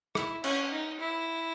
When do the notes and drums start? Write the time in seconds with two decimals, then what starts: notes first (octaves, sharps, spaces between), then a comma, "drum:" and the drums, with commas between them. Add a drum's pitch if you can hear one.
0.15 E4, drum: rim click
0.44 C#4, drum: cymbal
0.72 D#4
0.99 E4